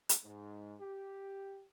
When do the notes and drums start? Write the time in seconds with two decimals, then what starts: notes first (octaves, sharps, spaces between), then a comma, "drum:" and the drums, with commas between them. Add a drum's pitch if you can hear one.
0.09 drum: hi-hat
0.24 G#2
0.79 G4